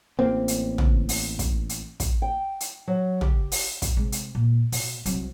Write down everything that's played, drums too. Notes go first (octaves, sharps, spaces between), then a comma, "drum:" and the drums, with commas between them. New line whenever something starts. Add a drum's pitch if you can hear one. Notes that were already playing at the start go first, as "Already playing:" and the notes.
A1 A#3 C4
drum: hi-hat
drum: tom
drum: open hi-hat
drum: kick, hi-hat
drum: hi-hat
drum: kick, hi-hat
G5
drum: hi-hat
F#3
G4, drum: tom
drum: open hi-hat
drum: kick, hi-hat
C3 G#3
drum: hi-hat
A#2
B2, drum: open hi-hat
C2 F#3, drum: hi-hat